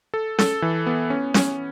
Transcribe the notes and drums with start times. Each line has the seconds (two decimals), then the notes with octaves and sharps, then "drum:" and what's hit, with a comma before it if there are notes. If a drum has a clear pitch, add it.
0.14 A4
0.39 A4, drum: snare C#4
0.62 E3
0.87 B3
1.10 C#4
1.34 C#4, drum: snare C#4